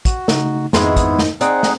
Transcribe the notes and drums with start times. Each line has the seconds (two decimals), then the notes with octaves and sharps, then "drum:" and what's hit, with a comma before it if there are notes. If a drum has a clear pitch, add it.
0.05 F#4, drum: kick, hi-hat
0.28 C#3 A3 D#4, drum: snare
0.73 F2 G#2 D#3 G#3 B3 E4 G#4 C6, drum: snare
0.96 drum: kick, hi-hat
1.19 drum: snare
1.41 C4 D#4 G#4 C5 D5 F#5, drum: hi-hat
1.63 drum: snare